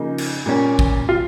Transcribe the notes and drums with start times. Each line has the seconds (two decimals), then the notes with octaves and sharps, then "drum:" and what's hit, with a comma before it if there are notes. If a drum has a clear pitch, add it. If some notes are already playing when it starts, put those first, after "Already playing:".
Already playing: C#3 F3 A#3 D#4
0.18 drum: cymbal
0.46 A#2 G3 A#3 C#4
0.79 drum: kick
1.09 F4